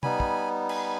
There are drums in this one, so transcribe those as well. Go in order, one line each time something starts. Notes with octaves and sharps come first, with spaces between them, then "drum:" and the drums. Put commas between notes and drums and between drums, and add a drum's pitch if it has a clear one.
G3 B3 D#4 G#5 B5, drum: tom C3
drum: kick
G#5 B5, drum: cymbal